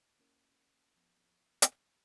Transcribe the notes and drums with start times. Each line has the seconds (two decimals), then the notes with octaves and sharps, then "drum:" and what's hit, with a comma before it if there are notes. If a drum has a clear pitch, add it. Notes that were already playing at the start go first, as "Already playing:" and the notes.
0.19 A#3 C#4 E4 A#4
0.96 F3 B3
1.62 drum: hi-hat